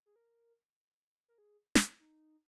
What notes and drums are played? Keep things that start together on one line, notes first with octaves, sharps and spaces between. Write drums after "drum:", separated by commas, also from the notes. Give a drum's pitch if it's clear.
G#4
A#4
A#4
G#4
drum: snare
D#4